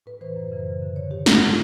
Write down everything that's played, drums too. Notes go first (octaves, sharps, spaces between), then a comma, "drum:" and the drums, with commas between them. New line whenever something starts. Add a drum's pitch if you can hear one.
A2 B4
E3 C5
F#2
C#3 E3
F#2
D3
G#2 C#5
D#3 G4
G#2 F#4, drum: snare
E3 F4